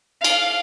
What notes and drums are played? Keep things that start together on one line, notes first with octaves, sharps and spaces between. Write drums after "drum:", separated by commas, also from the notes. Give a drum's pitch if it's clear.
F5, drum: cymbal